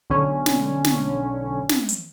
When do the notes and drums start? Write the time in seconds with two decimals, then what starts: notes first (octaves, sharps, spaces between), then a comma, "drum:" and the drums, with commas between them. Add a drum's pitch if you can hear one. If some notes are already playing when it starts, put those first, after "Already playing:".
0.10 B1 D3 C#4
0.46 drum: snare
0.85 drum: snare
1.69 drum: snare
1.89 drum: hi-hat